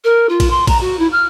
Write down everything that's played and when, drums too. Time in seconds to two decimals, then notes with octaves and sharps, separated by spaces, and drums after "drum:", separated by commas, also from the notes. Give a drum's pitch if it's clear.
0.04 A#4
0.29 F4
0.40 drum: kick A#1, cymbal
0.50 C6
0.67 A#5, drum: kick A#1, cymbal
0.81 F#4
0.99 E4
1.12 F6